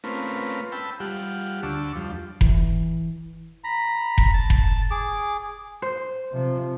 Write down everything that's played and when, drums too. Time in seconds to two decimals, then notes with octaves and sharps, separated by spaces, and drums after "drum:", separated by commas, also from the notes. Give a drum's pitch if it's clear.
0.04 A3 C4 C#4 F4 A#4 B4
0.72 G5 A5 B5 E6
1.00 G3 F4 G4 F#5
1.63 D2 D3 A5 C#6 D6 E6
1.96 F2 F3 G3
2.41 E3, drum: kick F1
3.64 A#5 B5
4.18 drum: kick F1
4.34 A5
4.50 drum: kick F1
4.91 G#4 D6
5.82 C5
6.31 C3 F3